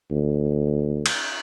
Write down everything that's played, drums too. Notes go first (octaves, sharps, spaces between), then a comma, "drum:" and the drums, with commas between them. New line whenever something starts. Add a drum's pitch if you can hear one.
D2
drum: cymbal